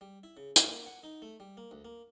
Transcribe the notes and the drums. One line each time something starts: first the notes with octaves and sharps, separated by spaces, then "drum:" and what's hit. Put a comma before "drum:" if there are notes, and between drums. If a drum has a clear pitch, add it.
G3
E4
C#3
F#2, drum: hi-hat
A#3
F#5
D#4
A3
G3
A#3
D2
A#3